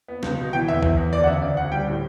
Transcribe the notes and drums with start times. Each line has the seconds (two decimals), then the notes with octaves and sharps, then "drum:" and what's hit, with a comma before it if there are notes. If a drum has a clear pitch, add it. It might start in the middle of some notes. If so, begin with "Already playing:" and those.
0.08 B3
0.23 C#2, drum: snare
0.39 B2
0.53 E3 G5
0.68 E2 E5
0.83 E2, drum: kick
0.97 E2
1.13 D2 D5
1.24 F#5
1.27 C#3 E5
1.42 C#3 D5
1.57 D2 F#5
1.72 G3 G5
1.87 A2